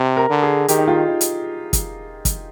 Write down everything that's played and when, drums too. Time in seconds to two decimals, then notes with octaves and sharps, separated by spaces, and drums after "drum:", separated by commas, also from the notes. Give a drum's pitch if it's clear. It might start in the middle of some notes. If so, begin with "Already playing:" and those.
Already playing: C3
0.17 A#4
0.30 D3
0.42 G#4
0.68 D#3 G4, drum: hi-hat
0.78 D#4
0.88 F4
1.08 D#4
1.21 drum: hi-hat
1.73 drum: kick, hi-hat
2.25 drum: kick, hi-hat